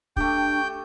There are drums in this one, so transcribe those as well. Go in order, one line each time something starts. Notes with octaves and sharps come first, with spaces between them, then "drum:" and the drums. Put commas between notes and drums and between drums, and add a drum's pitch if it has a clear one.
A3 D4 G4 G5 G6, drum: kick